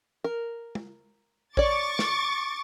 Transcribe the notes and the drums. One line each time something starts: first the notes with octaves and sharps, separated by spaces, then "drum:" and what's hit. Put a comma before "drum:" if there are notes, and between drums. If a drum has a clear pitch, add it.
A#4
drum: tom
C#5 D5 C#6 D6 A6, drum: kick A1
drum: snare